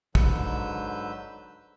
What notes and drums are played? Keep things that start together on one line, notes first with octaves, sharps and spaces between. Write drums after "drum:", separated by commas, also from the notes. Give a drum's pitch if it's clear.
G#2 D3 F#3 B4 E6 G6, drum: kick